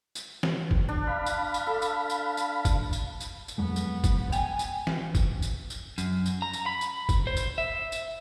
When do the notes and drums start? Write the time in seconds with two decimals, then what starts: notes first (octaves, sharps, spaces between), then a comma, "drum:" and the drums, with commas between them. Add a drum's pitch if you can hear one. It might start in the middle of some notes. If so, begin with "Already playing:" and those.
0.15 drum: tambourine
0.43 drum: snare
0.71 drum: kick
0.89 D4
1.07 F5 B5
1.26 drum: tambourine
1.54 drum: tambourine
1.67 A4
1.82 drum: tambourine
2.10 drum: tambourine
2.37 drum: tambourine
2.65 drum: kick, tambourine
2.93 drum: tambourine
3.21 drum: tambourine
3.48 drum: tambourine
3.58 F2 F#3 G#3 B3
3.76 drum: tambourine
4.04 drum: kick, tambourine
4.32 G5 G#5, drum: tambourine
4.59 drum: tambourine
4.87 drum: snare
5.15 drum: kick, tambourine
5.42 drum: tambourine
5.70 drum: tambourine
5.98 F#2, drum: tambourine
6.26 drum: tambourine
6.42 A#5
6.53 drum: tambourine
6.66 B5
6.81 drum: tambourine
7.09 drum: kick, tambourine
7.27 C5
7.37 drum: tambourine
7.58 E5
7.92 drum: tambourine